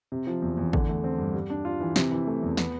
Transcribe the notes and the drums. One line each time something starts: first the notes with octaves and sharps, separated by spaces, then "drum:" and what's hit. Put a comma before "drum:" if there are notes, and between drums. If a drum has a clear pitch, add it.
C3
F3
E2
E2
D3, drum: kick
A3
C4
G2
G3
D4
F4
E3
C3, drum: snare
E3
A3
E2
B3, drum: snare